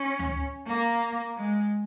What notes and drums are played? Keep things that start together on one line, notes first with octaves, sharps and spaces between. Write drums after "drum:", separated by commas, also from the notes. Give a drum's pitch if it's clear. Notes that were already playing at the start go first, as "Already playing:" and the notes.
Already playing: C#4
drum: tom D2
A#3
G#3